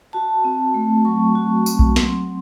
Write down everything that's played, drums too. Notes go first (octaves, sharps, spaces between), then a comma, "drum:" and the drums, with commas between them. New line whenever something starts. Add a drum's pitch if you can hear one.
F#4 A5
C4
A3
F#3 C#6
F#4
C4, drum: tambourine
drum: kick B1
F#3 C6, drum: snare